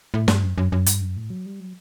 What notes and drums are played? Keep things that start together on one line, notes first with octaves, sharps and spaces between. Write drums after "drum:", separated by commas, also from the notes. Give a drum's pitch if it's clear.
A2
G2, drum: snare
F#2
F#2
F#2
G2, drum: hi-hat
F#2
A2
F#3
G3
F#3